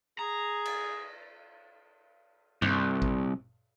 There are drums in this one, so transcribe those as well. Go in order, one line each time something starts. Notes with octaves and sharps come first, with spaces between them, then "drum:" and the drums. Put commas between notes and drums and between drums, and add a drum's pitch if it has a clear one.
G#4 A#5
drum: cymbal
C2, drum: tom G2
drum: kick G#1